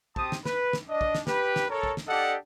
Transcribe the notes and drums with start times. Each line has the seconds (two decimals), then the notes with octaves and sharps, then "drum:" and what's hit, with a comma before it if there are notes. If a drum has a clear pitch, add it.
0.16 C4 G4 A5 D#6, drum: kick
0.32 drum: snare
0.45 B4, drum: snare
0.73 drum: snare
0.89 D4 D#5
1.01 drum: kick
1.15 drum: snare
1.27 G4 B4, drum: snare
1.56 drum: snare
1.70 A4 A#4 C#5
1.83 drum: kick
1.97 drum: snare
2.07 D4 G4 A4 D5 D#5 F#5